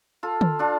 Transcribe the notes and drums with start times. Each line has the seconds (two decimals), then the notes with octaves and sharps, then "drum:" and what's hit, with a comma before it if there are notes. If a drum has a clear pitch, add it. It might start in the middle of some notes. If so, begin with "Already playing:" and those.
0.23 F4 A4
0.41 drum: tom
0.59 D4 F4